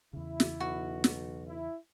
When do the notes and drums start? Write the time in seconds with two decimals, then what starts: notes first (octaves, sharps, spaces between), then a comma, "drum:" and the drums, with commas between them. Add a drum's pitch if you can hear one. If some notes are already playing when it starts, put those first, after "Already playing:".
0.13 E2 C#3 E4
0.40 drum: snare
0.60 B1 F#4
1.04 drum: snare
1.47 E4